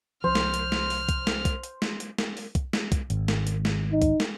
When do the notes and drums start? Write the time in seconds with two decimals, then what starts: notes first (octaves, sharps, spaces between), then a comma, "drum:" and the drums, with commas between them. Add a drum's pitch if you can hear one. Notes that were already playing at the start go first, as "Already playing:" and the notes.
0.24 C2 F3 C5 F6
0.35 drum: snare
0.54 drum: hi-hat
0.72 drum: snare
0.90 drum: open hi-hat
1.09 drum: kick, hi-hat
1.27 drum: snare
1.45 drum: kick, hi-hat
1.64 drum: hi-hat
1.82 drum: snare
2.00 drum: hi-hat
2.18 drum: snare
2.37 drum: open hi-hat
2.55 drum: kick, hi-hat
2.73 drum: snare
2.92 drum: kick, hi-hat
3.10 G#1, drum: hi-hat
3.28 drum: snare
3.47 drum: hi-hat
3.65 drum: snare
3.92 D#4
4.02 drum: kick, hi-hat
4.20 drum: snare